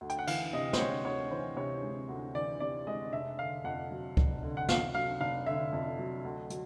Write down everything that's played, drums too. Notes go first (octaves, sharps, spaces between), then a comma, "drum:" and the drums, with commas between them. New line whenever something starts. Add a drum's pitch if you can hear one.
D2
G5, drum: hi-hat
F#5
E3 F5, drum: cymbal
C3 D#5
C5, drum: snare
G#3 C#5
D2 C#5
E3 C5
C3 C#5
G#3
D2
E3 D5
C3 D5
G#3 D#5
F1 E5
D3 F5
F2 F#5
F#3
F1, drum: kick C#2
D3
F#5
F2 F5, drum: snare
F#3 F5
F1 F5
D3 E5
F2
F#3
D2
F#3, drum: hi-hat